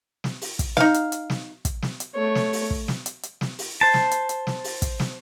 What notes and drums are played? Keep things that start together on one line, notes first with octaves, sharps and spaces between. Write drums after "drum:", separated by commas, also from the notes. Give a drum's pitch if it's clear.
drum: snare
drum: open hi-hat
drum: kick, hi-hat
D#4 F5, drum: snare
drum: hi-hat
drum: hi-hat
drum: snare
drum: kick, hi-hat
drum: snare
drum: hi-hat
A3 C#5
drum: snare
drum: open hi-hat
drum: kick
drum: snare
drum: hi-hat
drum: hi-hat
drum: snare
drum: open hi-hat
C5 A5
drum: snare
drum: hi-hat
drum: hi-hat
drum: snare
drum: open hi-hat
drum: kick, hi-hat
drum: snare